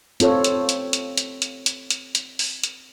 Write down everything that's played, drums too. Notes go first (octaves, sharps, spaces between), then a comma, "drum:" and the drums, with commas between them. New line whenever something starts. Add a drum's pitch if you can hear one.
C4 F4 A4 C#5, drum: hi-hat
drum: hi-hat
drum: hi-hat
drum: hi-hat
drum: hi-hat
drum: hi-hat
drum: hi-hat
drum: hi-hat
drum: hi-hat
drum: open hi-hat
drum: hi-hat